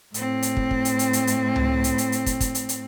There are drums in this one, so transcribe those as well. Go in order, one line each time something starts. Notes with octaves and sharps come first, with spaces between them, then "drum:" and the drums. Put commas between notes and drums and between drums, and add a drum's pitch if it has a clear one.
A2 C4, drum: hi-hat
drum: hi-hat
drum: kick
drum: kick
drum: hi-hat
drum: hi-hat
drum: hi-hat
drum: hi-hat
drum: tom C#2
drum: hi-hat
drum: hi-hat
drum: hi-hat
drum: kick, hi-hat
drum: kick, hi-hat
drum: hi-hat
drum: hi-hat